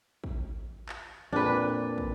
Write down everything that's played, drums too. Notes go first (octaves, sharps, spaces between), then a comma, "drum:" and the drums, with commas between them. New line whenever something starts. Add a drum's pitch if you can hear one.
drum: kick
drum: clap
F2 A#2 D4 B4
drum: kick